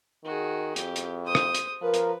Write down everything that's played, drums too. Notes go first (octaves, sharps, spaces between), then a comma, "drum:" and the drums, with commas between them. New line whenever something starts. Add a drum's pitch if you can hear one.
D#3 F#4 G#4
F2 G4, drum: hi-hat
drum: hi-hat
C5 D#6
drum: rim click
drum: hi-hat
F3 A#4 B4
drum: hi-hat